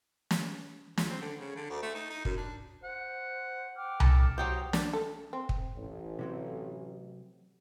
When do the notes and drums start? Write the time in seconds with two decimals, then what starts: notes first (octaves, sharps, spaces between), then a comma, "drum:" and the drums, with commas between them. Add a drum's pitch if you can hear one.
0.31 drum: snare
0.97 C#2, drum: snare
1.10 C4
1.21 D3
1.40 C#3
1.56 D3
1.70 D2
1.83 A3
1.95 D#4
2.10 D#4
2.25 F#2, drum: kick
2.37 D4
2.84 C5 F#5
3.76 G5 D6 F6
4.00 A4, drum: tom C2
4.38 F#3 G4 C5 G5 A#5 D#6
4.73 D4, drum: snare
4.93 A4
5.33 C4
5.49 drum: kick
5.76 A1
6.19 C3 F#3 C4